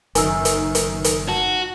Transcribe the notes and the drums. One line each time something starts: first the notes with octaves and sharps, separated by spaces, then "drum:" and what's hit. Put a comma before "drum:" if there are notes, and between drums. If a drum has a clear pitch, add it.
F#1 F#2 D#3 G#5 E6, drum: hi-hat
drum: hi-hat
drum: hi-hat
drum: hi-hat
F#4 A5